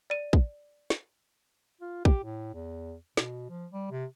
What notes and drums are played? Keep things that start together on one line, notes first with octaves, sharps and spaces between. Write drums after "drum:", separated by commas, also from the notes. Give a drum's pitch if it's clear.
D5 D#7
drum: kick
drum: snare
F4
G4, drum: kick
A2
E2
B2, drum: snare
F3
G3
C3